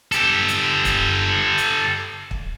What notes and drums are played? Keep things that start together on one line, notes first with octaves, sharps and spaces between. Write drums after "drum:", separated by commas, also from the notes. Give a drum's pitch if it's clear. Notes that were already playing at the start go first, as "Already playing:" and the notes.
G4 A4, drum: hi-hat
drum: hi-hat
drum: kick, hi-hat
drum: hi-hat
drum: kick